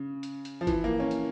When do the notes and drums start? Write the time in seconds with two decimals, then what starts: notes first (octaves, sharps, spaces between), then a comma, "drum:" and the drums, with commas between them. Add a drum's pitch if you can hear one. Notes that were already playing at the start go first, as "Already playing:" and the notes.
Already playing: C#3
0.23 drum: hi-hat
0.45 drum: hi-hat
0.61 F3
0.67 E3, drum: kick, hi-hat
0.84 A#3
1.00 C#4
1.11 drum: hi-hat